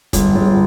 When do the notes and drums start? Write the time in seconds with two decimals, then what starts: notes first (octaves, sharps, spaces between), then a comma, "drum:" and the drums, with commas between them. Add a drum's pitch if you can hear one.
0.13 G1, drum: kick, hi-hat
0.35 G1